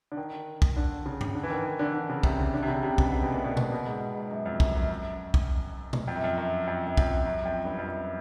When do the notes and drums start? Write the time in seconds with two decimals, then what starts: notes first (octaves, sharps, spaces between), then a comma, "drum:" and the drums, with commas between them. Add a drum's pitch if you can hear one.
0.12 D3
0.17 D#3
0.62 drum: kick
0.77 D3
1.06 C#3
1.21 drum: tom G2
1.35 D3
1.43 E3
1.50 D#3
1.65 E3
1.79 D3
1.94 D3
2.09 C#3
2.23 C3, drum: kick
2.39 C#3
2.54 D3
2.63 C3
2.68 C#3
2.83 C3
2.98 B2, drum: kick
3.13 C3
3.23 B2
3.34 A#2
3.44 B2
3.57 drum: tom A#2
3.72 B2
3.86 G#2
4.16 G#2
4.31 F#2
4.46 F2
4.60 F#2, drum: kick
4.75 F#2
4.89 F#2
5.34 drum: kick
5.93 drum: tom A#2
6.08 F2
6.16 F#2
6.24 F2
6.37 F#2
6.67 F2
6.86 F#2
6.97 F2, drum: kick
7.06 F#2
7.26 F#2
7.45 F2
7.65 G2
7.78 F2
7.85 F#2